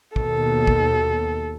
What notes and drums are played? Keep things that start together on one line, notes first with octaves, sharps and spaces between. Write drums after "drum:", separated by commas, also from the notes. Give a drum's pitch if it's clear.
D#2 B2 A4, drum: kick
drum: kick